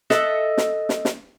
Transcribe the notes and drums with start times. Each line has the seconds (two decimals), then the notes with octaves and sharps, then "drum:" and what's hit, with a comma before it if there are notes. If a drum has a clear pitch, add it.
0.10 A4 D#5 E5 F#5, drum: snare
0.58 drum: snare
0.89 drum: snare
1.05 drum: snare